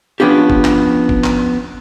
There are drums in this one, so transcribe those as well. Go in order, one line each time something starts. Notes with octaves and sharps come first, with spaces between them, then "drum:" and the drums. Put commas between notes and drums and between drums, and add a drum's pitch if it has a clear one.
F3 B3 C#4 D4 G4
drum: kick G1
drum: clap
drum: kick G1
drum: clap